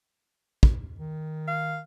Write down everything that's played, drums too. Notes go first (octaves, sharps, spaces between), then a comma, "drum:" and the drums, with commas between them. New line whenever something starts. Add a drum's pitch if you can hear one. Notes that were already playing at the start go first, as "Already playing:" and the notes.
drum: kick
D#3
F5